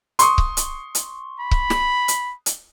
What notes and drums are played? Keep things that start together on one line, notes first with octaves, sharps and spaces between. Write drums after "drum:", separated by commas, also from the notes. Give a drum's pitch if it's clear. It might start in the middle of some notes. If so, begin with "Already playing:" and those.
C6 C#6 D#6, drum: hi-hat
drum: kick C#1
drum: hi-hat
drum: hi-hat
B5
drum: kick C#1
drum: snare
drum: hi-hat
drum: hi-hat